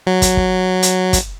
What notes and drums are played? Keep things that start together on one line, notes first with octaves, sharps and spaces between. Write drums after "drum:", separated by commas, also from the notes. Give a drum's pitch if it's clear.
F#3
drum: kick, hi-hat
drum: kick
drum: hi-hat
drum: kick, hi-hat